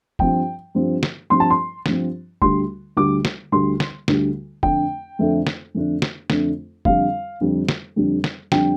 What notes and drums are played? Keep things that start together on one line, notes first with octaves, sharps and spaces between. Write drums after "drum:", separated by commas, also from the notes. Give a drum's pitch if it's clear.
G2 F3 C4 G5, drum: kick F1
G2 F3 C4
drum: snare
G2 F3 C4 C6
A5
C6
G2 F3 C4, drum: snare
D2 D3 G3 C6, drum: kick F1
D2 D3 G3 D6
drum: snare
D2 D3 G3 C6
drum: snare
D2 D3 G3, drum: snare
F2 D3 A3 D4 G5, drum: kick F1
F2 D3 A3 D4
drum: snare
F2 D3 A3 D4
drum: snare
F2 D3 A3 D4, drum: snare
F2 D3 G3 D4 F5, drum: kick F1
F2 D3 G3 D4
drum: snare
F2 D3 G3 D4
drum: snare
F2 D3 G3 D4 G5, drum: snare